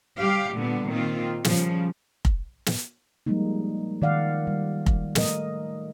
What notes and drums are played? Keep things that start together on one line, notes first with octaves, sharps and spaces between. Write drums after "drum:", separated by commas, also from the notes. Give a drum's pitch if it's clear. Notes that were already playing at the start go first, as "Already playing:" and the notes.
G3 G4 F5
A#2 D3 G3 B3
A#2 D#3 C4 F4
C#3 F3 G3, drum: snare
drum: kick F1
drum: snare
F3 G3 G#3 A#3 D#4
D#3 D5 F5 F#5
G3
drum: kick F1
A3 A#4 D#5, drum: snare